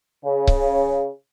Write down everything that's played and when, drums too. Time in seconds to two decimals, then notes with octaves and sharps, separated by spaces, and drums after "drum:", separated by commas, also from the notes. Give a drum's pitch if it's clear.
0.24 C#3
0.47 drum: kick C#1